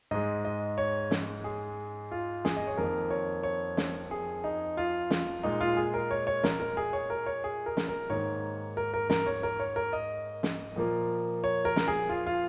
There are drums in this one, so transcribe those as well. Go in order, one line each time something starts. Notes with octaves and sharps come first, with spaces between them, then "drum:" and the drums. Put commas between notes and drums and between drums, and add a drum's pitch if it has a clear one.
G#2 G#3 D#5
D#5
C#5
drum: snare
G#4
F4
G#4, drum: snare
D#5
C#5
F2 D#3 A#3 A#4
C#5
C#5
drum: snare
G#4
D#4
F4
drum: snare
A#2 G#3 D#4
F4
G#4
A#4
C#5
C#5
A#4, drum: snare
A#4
G#4
C#5
A#4
C#5
G#4
A#4
drum: snare
A#4
G#2 D#3 A#3 C#5
A#4
A#4
A#4, drum: snare
C#5
A#4
C#5
A#4
D#5
drum: snare
A#2 F3 A#3
C#5
A#4
drum: snare
G#4
F4
F4